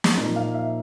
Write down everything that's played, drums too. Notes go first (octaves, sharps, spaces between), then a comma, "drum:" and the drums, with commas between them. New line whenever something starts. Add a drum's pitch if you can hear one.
drum: snare
A#2 F3 A#3 D#4
F5
E5